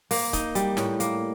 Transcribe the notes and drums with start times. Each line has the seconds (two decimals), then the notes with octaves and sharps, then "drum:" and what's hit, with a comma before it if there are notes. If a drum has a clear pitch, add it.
0.11 A#3, drum: open hi-hat
0.33 D#4, drum: kick C#1, hi-hat
0.55 G3, drum: hi-hat
0.77 A2, drum: snare
1.00 A#3, drum: hi-hat